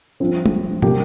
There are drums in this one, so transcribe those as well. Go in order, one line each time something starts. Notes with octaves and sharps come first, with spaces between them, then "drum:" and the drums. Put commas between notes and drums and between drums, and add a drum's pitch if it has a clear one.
G2 F3 C4
drum: tom
C3 G3 A#3 G4, drum: tom